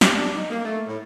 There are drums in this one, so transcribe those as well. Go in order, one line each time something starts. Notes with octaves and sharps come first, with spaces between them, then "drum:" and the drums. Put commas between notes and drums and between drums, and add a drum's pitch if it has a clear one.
G4, drum: snare
D4
D#4
A#3
A3
A2